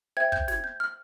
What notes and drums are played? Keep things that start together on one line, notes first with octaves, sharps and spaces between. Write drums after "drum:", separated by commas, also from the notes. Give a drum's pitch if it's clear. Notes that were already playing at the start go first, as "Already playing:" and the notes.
C5 E5 G5 G#6
G6, drum: kick
G#6, drum: snare
G6
F6